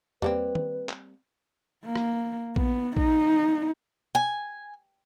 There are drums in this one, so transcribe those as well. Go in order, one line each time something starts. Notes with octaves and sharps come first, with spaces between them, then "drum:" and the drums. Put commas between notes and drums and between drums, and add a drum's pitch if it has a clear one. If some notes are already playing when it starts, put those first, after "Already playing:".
G3 A#3 C4 B4, drum: tom E2
drum: tom
drum: clap
A#3
drum: rim click
B3, drum: kick A#1
D#4, drum: kick A#1
G#5